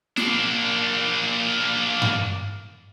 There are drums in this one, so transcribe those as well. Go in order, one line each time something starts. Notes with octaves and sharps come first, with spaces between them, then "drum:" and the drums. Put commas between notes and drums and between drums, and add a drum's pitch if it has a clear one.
A#3 D4, drum: snare
drum: tom G2